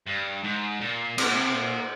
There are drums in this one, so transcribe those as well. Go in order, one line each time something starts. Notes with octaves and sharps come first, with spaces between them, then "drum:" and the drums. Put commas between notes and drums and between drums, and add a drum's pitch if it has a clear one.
G2
G#2
A#2
C3, drum: cymbal
A#2
C3
A#2